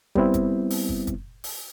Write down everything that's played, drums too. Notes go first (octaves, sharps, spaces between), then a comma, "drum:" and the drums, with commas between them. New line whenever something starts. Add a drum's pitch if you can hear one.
G3 B3 C4 E4, drum: kick
drum: kick, hi-hat
drum: open hi-hat
drum: kick
drum: kick, hi-hat
drum: open hi-hat